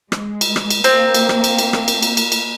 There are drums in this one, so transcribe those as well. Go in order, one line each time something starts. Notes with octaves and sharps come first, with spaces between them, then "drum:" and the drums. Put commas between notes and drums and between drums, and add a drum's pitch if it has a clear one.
G#3, drum: rim click
drum: cymbal
drum: rim click
drum: cymbal
A#3 C4, drum: cymbal
drum: cymbal
drum: rim click
drum: cymbal
drum: cymbal
drum: rim click
drum: cymbal
drum: cymbal
drum: cymbal
drum: cymbal